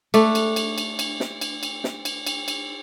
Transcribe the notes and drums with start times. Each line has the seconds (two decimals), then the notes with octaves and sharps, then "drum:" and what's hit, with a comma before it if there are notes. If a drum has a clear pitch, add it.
0.14 A3 D4, drum: cymbal
0.35 drum: cymbal
0.56 drum: cymbal
0.78 drum: cymbal
0.99 drum: cymbal
1.20 drum: snare
1.41 drum: cymbal
1.63 drum: cymbal
1.84 drum: snare
2.05 drum: cymbal
2.27 drum: cymbal
2.48 drum: cymbal